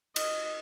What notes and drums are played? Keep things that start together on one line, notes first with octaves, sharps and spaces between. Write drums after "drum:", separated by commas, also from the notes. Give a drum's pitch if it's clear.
D#5, drum: cymbal